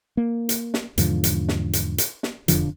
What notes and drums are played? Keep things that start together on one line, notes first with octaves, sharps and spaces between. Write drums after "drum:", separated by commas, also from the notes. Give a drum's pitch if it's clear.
A#3
drum: hi-hat
drum: snare
E2 G#2 D3 F3, drum: hi-hat
drum: hi-hat
drum: snare
drum: hi-hat
drum: hi-hat
drum: snare
E1 F2 D3 F3, drum: hi-hat